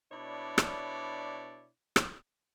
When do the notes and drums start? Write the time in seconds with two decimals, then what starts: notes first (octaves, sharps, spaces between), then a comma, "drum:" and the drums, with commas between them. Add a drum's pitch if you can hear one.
0.12 B2 D4 E4 C#5 D5
0.58 drum: rim click
1.96 drum: rim click